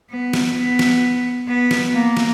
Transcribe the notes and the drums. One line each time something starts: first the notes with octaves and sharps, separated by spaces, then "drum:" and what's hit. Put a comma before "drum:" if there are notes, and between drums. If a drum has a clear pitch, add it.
B3
drum: snare
B3
drum: snare
B3
drum: snare
A#3
drum: snare